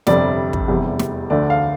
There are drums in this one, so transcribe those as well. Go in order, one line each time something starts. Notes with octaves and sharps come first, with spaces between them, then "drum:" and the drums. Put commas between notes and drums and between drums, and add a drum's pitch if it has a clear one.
G1 F2 C3 G3 D5, drum: snare
drum: kick
F1 E2 C3 G3
drum: snare
D2 D3 A3 D5
F5